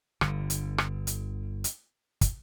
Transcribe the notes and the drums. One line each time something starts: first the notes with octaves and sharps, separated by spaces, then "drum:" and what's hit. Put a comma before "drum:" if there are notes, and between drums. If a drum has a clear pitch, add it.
G1 D3, drum: rim click
drum: hi-hat
drum: rim click
drum: hi-hat
drum: hi-hat
drum: kick, hi-hat